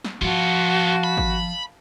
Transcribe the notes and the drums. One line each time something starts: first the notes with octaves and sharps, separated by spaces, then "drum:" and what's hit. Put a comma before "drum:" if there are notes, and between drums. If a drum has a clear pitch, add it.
drum: snare
F3 B3 F4 F#4 F5 A5
B5
drum: kick G#1